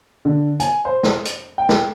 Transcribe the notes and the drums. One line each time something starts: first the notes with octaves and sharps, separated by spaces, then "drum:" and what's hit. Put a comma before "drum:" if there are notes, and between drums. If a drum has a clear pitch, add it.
D3
G#5, drum: hi-hat
C5
drum: snare
drum: hi-hat
G5
drum: snare